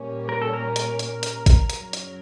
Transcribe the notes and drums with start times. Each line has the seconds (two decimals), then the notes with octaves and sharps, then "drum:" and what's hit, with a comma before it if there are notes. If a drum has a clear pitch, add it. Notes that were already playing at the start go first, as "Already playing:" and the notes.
Already playing: A#2 G3 A#3 C#4
0.29 A#4
0.42 A4
0.53 A#4
0.76 drum: hi-hat
0.99 drum: hi-hat
1.23 drum: hi-hat
1.46 drum: kick, hi-hat
1.70 F#2 C#3 F#3, drum: hi-hat
1.93 drum: hi-hat